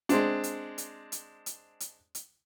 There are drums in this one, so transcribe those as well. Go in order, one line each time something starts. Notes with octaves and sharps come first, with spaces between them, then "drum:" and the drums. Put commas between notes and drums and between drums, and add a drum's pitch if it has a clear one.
G#3 C4 D4, drum: hi-hat
drum: hi-hat
drum: hi-hat
drum: hi-hat
drum: hi-hat
drum: hi-hat
drum: hi-hat